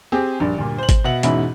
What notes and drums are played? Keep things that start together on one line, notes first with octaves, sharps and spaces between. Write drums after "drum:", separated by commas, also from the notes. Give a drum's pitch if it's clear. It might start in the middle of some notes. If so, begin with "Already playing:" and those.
C4 G4 G#4
A#1 G2
D2 G2 A#2
C5 F#7
drum: kick G#1, hi-hat
B2 E5 F#5 F#7
E2 G#2 B2 C#4 E4 B5, drum: hi-hat